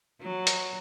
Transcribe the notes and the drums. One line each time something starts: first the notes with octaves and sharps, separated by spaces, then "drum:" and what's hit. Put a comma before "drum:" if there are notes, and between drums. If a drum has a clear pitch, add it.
F#3
drum: hi-hat